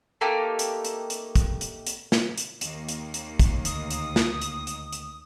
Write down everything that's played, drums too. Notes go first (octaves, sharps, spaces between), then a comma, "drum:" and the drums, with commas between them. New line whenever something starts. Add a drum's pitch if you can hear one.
A3 A#3 D#4 G4
drum: hi-hat
drum: hi-hat
drum: hi-hat
drum: kick, hi-hat
drum: hi-hat
drum: hi-hat
drum: snare
drum: hi-hat
D#2 D#3 A#3, drum: hi-hat
drum: hi-hat
drum: hi-hat
drum: kick, hi-hat
D2 D#6, drum: hi-hat
drum: hi-hat
drum: snare
drum: hi-hat
drum: hi-hat
drum: hi-hat